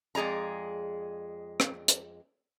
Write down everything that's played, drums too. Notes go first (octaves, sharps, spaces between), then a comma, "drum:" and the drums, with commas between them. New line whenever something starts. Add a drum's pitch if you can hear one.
F2 G#3 G#4 D5 A#5
drum: rim click
drum: hi-hat